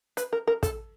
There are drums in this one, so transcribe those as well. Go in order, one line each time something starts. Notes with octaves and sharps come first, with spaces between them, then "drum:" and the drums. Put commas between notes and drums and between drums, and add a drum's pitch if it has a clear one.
B4, drum: hi-hat
A#4
A#4
A4, drum: kick, hi-hat